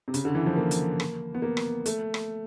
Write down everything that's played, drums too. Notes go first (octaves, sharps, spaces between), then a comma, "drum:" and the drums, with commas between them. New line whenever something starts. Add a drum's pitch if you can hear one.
C3
C#3, drum: hi-hat
D3
E3
F3
A#3
drum: hi-hat
drum: rim click
B3
A#3
drum: rim click
A3, drum: hi-hat
drum: rim click